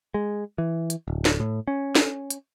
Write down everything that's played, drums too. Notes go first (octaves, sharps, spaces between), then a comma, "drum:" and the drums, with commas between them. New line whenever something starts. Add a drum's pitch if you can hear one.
G#3
E3
drum: hi-hat
D1
drum: snare
A2
C#4
drum: snare
drum: hi-hat